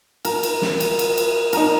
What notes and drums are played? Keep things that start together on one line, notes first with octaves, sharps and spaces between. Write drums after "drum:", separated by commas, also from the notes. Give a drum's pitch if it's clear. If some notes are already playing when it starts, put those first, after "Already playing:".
A#4, drum: cymbal
drum: cymbal
drum: snare
drum: cymbal
drum: cymbal
drum: cymbal
D#4 A#4, drum: cymbal